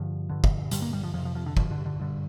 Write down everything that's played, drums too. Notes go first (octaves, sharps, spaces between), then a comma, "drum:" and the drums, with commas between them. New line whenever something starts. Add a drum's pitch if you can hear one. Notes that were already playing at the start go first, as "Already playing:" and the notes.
Already playing: G2 D3 F3
G2 D3
drum: kick
G2 D3 G3, drum: hi-hat
A#3
G3
F3
F2 C3 F3
F3
F3
D3
G2 D3 F3, drum: kick
D3
D3
G2 D3